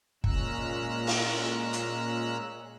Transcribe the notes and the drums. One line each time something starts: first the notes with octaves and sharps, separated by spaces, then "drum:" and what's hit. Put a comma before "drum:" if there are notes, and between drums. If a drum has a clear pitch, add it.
A#2 G#3 C#4 A#5 E6 F#6, drum: kick
drum: open hi-hat
drum: hi-hat